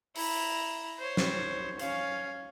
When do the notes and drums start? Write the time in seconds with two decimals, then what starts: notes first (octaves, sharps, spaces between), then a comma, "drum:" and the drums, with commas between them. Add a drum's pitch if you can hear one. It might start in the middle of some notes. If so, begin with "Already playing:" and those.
0.16 E4 A#5, drum: open hi-hat
0.99 C5 C#5
1.17 drum: snare
1.79 C#4 F5, drum: hi-hat